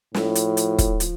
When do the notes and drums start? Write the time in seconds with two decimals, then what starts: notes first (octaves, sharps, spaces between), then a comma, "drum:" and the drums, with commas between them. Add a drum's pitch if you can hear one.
0.14 A2 F3, drum: snare
0.35 drum: hi-hat
0.57 drum: hi-hat
0.78 drum: kick, hi-hat
1.00 F3, drum: hi-hat